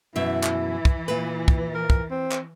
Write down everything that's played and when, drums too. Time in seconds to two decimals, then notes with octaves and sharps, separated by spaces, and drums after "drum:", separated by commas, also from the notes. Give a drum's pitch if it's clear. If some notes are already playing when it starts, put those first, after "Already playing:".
0.16 F#2 B2 E3 E4 E5
0.43 drum: clap
0.85 drum: kick
1.08 A#2 B4
1.48 drum: kick
1.75 A#4
1.90 drum: kick
2.11 C4
2.32 drum: clap